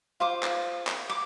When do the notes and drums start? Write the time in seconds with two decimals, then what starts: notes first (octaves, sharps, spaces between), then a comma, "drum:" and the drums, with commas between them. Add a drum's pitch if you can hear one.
0.20 F4 C5 D6
0.43 drum: clap
0.87 drum: clap
1.10 D6